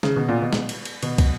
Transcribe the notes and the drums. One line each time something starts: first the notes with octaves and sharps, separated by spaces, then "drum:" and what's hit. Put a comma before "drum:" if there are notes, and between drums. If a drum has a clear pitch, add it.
C#3, drum: snare
B2
A#2
B2
drum: snare
drum: cymbal
drum: cymbal
B2, drum: cymbal
drum: kick, cymbal